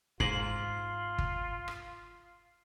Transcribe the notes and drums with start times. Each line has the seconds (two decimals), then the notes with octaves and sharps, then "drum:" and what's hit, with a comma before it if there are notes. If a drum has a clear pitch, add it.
0.20 G#2 F4 C7 F#7, drum: kick G1
1.18 drum: kick G1
1.68 drum: rim click